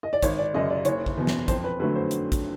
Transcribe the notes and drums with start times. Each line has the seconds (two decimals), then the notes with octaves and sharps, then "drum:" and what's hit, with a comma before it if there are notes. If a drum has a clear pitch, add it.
0.03 D#5
0.13 D5
0.23 G#1 C#5, drum: kick, hi-hat
0.38 D5
0.54 F#2 C#3 D#5
0.70 D5
0.85 F#1 C#5, drum: hi-hat
1.06 drum: kick
1.17 E2 B2
1.27 drum: snare
1.48 F2 C5, drum: kick, hi-hat
1.64 B4
1.80 D3 F#3 A3 B4
1.95 C5
2.11 drum: hi-hat
2.32 drum: kick, hi-hat